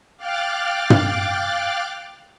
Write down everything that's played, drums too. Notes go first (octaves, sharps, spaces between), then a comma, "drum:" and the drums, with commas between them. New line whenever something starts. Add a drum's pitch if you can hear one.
F5 G5 D6 F6 F#6 A6
drum: tom